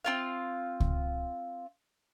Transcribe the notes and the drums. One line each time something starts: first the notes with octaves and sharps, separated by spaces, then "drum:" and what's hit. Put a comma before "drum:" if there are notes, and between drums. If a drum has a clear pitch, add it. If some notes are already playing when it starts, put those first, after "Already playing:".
C4 F4 F5
drum: kick C#2